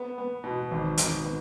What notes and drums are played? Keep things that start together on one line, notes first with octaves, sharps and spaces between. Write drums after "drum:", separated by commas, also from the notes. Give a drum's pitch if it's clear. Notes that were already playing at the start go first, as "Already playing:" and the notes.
Already playing: B3
B3
B2
G#1
G#1, drum: hi-hat
B3